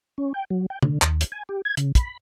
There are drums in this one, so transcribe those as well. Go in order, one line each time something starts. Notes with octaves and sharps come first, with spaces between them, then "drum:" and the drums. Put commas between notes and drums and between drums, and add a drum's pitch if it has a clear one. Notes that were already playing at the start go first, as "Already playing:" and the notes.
C#4
G5
F#3
G5
D3, drum: tom
D#2, drum: clap
drum: hi-hat
G#5
G4
G#6
C#3, drum: hi-hat
B5, drum: kick, hi-hat